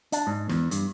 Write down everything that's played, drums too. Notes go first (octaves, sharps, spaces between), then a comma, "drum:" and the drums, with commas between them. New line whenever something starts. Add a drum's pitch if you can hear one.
D4, drum: hi-hat
G#2
E2, drum: snare
G2, drum: hi-hat